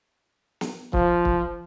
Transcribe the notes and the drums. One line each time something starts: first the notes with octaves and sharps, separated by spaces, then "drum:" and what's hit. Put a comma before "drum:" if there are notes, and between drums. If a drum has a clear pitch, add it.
drum: snare
F3, drum: kick
drum: kick